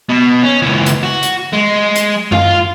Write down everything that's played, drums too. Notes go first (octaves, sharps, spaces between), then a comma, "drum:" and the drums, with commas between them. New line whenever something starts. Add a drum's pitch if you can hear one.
B2
C#4
C#2 E3
drum: hi-hat
F#4
drum: hi-hat
G#3
drum: hi-hat
F4 F5, drum: tom F#2